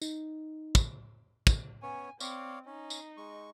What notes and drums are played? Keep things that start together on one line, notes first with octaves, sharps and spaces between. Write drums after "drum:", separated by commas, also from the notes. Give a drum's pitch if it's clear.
D#4, drum: tambourine
drum: kick, tambourine
drum: kick, tambourine
B3 C#4 C#5 G#5
C4 C#5 D5 F5, drum: tambourine
C#4 D#4
drum: tambourine
G#3 C#6